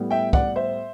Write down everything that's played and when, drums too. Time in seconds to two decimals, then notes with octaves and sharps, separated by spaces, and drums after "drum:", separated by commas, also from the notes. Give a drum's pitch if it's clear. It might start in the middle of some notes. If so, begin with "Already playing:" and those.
Already playing: A2 G3 B3
0.11 E5 G5
0.33 D5 F#5, drum: kick
0.56 C5 E5